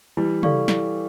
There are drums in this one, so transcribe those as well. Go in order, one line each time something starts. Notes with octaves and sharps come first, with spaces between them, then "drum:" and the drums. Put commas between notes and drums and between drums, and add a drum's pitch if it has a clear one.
E3 G3 E4
A4 D5 F5 C#6, drum: tom
E4, drum: snare